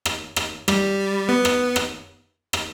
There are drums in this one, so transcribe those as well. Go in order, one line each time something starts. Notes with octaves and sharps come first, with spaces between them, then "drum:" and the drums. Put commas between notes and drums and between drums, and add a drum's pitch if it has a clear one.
drum: rim click
drum: rim click
G3, drum: rim click
B3
drum: rim click
drum: rim click
drum: rim click